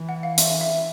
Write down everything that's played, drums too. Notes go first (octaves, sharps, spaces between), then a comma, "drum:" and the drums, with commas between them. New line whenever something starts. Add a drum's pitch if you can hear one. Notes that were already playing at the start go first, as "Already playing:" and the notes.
Already playing: E3
F#5
F5
E5, drum: hi-hat
E5